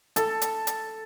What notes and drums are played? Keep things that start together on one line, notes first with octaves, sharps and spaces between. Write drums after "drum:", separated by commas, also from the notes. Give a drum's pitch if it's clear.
A4, drum: hi-hat
drum: hi-hat
drum: hi-hat